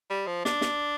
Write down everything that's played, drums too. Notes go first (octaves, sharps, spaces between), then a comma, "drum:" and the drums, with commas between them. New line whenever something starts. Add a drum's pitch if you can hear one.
G3
F3
D4, drum: snare
drum: snare